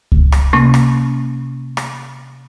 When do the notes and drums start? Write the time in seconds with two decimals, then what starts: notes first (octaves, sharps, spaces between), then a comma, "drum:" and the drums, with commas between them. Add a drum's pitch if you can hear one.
0.12 drum: kick C#2
0.32 drum: rim click
0.53 C3 A#3 C#4
0.74 drum: rim click
1.77 drum: rim click